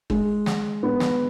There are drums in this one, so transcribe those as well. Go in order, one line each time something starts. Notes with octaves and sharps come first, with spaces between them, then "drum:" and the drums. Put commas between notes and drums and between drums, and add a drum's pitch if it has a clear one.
G#3, drum: kick G1
drum: snare
B3
drum: snare